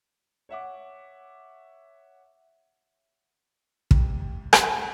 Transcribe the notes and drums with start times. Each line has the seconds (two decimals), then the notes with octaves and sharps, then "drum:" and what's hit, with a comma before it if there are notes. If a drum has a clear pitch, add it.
0.49 C#5 E5 F#5 D6
3.91 F2 G#2 C3, drum: kick
4.53 C#3 G#3 B5 B6, drum: rim click